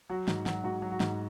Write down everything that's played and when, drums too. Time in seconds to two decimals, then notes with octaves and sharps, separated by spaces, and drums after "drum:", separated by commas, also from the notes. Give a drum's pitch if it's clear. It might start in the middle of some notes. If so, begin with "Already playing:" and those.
0.10 F#3 F#4
0.28 G#2, drum: snare
0.46 F#3, drum: snare
0.64 G#2 F#4
0.82 F#3
0.91 F#4
1.00 G#2, drum: snare